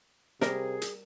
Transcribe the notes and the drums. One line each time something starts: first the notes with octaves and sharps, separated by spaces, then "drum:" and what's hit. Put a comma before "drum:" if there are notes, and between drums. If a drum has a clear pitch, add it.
C3 G3 G#4 A#4, drum: snare
drum: hi-hat